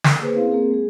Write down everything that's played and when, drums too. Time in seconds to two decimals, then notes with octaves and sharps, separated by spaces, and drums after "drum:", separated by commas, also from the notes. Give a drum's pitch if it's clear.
0.04 drum: snare
0.20 A#3 G#4 B4 C5
0.34 B3 C4 E4 G#4 F5
0.51 A#3 C4 G#4 A#4
0.71 G#3 G#4